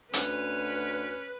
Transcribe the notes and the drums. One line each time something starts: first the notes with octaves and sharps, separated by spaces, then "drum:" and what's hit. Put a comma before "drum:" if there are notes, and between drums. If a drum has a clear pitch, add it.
D2 C#4 B4, drum: hi-hat